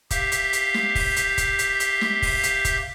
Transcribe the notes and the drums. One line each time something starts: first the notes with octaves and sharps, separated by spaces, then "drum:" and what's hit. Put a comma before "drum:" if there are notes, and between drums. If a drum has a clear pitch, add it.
G4 E5 F5 G6, drum: kick F1, hi-hat
drum: hi-hat
drum: hi-hat
drum: snare
drum: kick F1, open hi-hat
drum: hi-hat
drum: kick F1, hi-hat
drum: hi-hat
drum: hi-hat
drum: snare
drum: kick F1, open hi-hat
drum: hi-hat
drum: kick F1, hi-hat